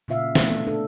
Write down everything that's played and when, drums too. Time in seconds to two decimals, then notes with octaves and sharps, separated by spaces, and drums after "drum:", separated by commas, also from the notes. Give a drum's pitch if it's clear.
0.08 A#2 C#3 F4 E5 F5
0.35 A3 D4, drum: snare
0.50 B3
0.67 D4 A4